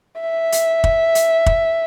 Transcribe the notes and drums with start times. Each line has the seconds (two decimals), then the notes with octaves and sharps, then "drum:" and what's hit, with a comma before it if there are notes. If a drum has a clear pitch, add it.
0.21 E5
0.52 drum: hi-hat
0.84 drum: kick
1.15 drum: hi-hat
1.46 drum: kick